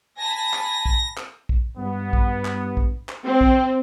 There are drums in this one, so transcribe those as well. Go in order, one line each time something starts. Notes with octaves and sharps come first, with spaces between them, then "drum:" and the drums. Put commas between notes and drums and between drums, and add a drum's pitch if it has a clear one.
G#5 A5 B5 A#6
drum: clap
drum: kick
drum: clap
drum: kick
G2 B3
drum: kick
drum: clap
drum: kick
drum: clap
C4
drum: kick